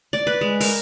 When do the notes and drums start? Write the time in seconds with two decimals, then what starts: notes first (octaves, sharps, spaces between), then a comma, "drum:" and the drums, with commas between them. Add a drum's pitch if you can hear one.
0.13 D5
0.27 B4
0.41 G#3
0.60 A#4, drum: open hi-hat